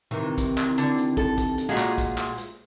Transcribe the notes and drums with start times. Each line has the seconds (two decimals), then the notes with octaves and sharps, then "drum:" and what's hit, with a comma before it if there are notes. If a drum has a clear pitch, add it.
0.11 C3 D#3 E3
0.38 drum: kick, hi-hat
0.58 drum: clap
0.78 D3, drum: hi-hat
0.98 drum: hi-hat
1.17 A4, drum: kick
1.38 drum: kick, hi-hat
1.58 drum: hi-hat
1.69 A#2 G#3 F4 F#4 G#4
1.78 drum: clap
1.98 drum: kick, hi-hat
2.18 drum: clap
2.38 drum: hi-hat